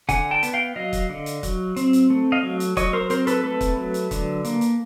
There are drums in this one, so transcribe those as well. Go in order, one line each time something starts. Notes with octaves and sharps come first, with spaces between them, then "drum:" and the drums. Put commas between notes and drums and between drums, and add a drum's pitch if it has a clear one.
D3 F#5 G#5, drum: kick, hi-hat
G5 A5
B3, drum: hi-hat
F5 G5
F#3 D#5 F5
drum: kick, hi-hat
D3
drum: hi-hat
F#3, drum: kick, hi-hat
C4, drum: hi-hat
drum: hi-hat
A3
D#5 F5
F#3
drum: hi-hat
F#3 C#5 D#5, drum: kick, hi-hat
A#4 C5
C4 A#4 C5, drum: hi-hat
A4 B4, drum: hi-hat
A3 A4 B4
drum: kick, hi-hat
F#3
drum: hi-hat
D3, drum: kick, hi-hat
A#3, drum: hi-hat
drum: hi-hat